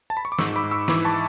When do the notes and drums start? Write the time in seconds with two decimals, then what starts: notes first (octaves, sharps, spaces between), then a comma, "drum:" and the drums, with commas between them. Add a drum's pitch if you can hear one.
0.10 A5
0.17 B5
0.25 C#6
0.32 D6
0.39 G#2 C#6 E6, drum: snare
0.56 B5 D6
0.64 G#2
0.71 C#6 E6
0.88 E3 B5 D6, drum: snare
1.05 A5 C#6